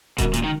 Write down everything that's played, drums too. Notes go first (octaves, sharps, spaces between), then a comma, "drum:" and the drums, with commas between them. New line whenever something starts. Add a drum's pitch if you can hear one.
B2 D#3 G#3 C#4 F#4 A#4, drum: kick D#1, hi-hat
A#2, drum: hi-hat
D#3